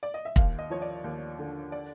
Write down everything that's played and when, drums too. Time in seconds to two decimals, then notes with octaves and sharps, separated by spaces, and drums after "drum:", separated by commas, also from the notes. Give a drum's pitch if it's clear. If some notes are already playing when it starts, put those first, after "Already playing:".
0.03 D5
0.14 D#5
0.25 E5
0.36 D#2 F5, drum: kick
0.59 D#5
0.70 F3 C#5
0.82 D5
1.04 D#2
1.39 D3
1.72 D5